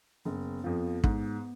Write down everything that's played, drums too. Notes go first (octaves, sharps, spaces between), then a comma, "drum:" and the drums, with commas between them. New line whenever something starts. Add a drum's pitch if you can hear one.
F#1 B3
F2 F3
G#2, drum: kick